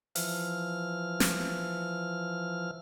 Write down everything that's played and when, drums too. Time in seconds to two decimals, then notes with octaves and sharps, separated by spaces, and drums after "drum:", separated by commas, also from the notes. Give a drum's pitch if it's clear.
0.15 E3 F3 F6, drum: open hi-hat
1.20 drum: snare